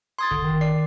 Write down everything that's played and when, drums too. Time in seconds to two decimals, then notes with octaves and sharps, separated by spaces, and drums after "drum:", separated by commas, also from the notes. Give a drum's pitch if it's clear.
0.19 C6 D#6 G#6 A6
0.31 D3, drum: kick F1
0.44 D#3
0.61 D5 C7